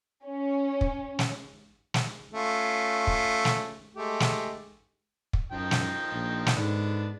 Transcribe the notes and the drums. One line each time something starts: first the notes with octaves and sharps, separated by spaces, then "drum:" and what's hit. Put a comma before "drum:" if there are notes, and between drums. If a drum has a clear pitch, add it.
C#4
drum: kick
drum: snare
drum: snare
A3 C#4 F4
drum: kick
drum: snare
G#3 A3 G4
drum: snare
drum: kick
F#2 F3 D#4 G5
drum: snare
A#1
drum: snare
G#2 D3 B3 D4